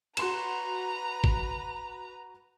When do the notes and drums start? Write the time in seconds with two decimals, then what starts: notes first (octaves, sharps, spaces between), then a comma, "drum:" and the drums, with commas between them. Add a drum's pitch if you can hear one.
0.17 F#4 B4 A#5 C6 E7, drum: cymbal
1.24 drum: kick